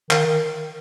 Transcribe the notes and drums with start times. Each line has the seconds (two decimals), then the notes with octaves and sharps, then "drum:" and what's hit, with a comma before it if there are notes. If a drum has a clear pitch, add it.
0.10 D#3, drum: clap
0.26 D#3